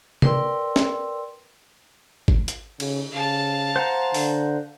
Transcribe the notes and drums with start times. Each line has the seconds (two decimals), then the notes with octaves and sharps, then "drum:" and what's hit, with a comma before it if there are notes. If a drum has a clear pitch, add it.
0.22 A#4 B4 D5 G5 C6 E6, drum: tom C3
0.76 drum: snare
2.28 drum: kick G#1
2.48 drum: hi-hat
2.80 C#3, drum: cymbal
3.12 C#3 F5 A5
3.76 C5 F#5 A#5
4.14 D3, drum: open hi-hat